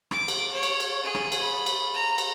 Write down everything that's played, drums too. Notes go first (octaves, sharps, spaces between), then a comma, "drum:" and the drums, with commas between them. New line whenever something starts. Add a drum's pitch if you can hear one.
D6, drum: rim click
drum: cymbal
C#5
drum: cymbal
drum: cymbal
G#4
drum: rim click
drum: cymbal
B5
drum: cymbal
A#5
drum: cymbal